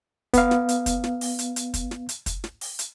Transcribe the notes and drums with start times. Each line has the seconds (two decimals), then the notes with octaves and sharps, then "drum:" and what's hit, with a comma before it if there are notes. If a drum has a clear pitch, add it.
0.34 B3 F5, drum: kick, hi-hat
0.51 drum: snare
0.69 drum: hi-hat
0.86 drum: kick, hi-hat
1.04 drum: snare
1.21 drum: open hi-hat
1.39 drum: hi-hat
1.56 drum: hi-hat
1.74 drum: kick, hi-hat
1.91 drum: snare
2.09 drum: hi-hat
2.26 drum: kick, hi-hat
2.44 drum: snare
2.61 drum: open hi-hat
2.79 drum: hi-hat